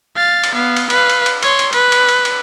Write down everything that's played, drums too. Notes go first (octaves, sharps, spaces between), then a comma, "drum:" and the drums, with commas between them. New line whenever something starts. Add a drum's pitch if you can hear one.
F5 A6
drum: cymbal
B3 F5
drum: cymbal
B4 F5, drum: cymbal
drum: cymbal
drum: cymbal
C#5 C6, drum: cymbal
drum: cymbal
B4, drum: cymbal
drum: cymbal
drum: cymbal
drum: cymbal